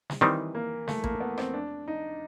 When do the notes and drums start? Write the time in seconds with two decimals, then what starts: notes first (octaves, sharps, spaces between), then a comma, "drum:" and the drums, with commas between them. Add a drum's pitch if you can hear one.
0.10 drum: snare
0.21 D#3 E3 G3 C4 D#4
0.55 A#3
0.88 A3, drum: snare
1.04 A#3, drum: kick A1
1.20 B3
1.38 C4, drum: rim click
1.54 D4
1.88 D#4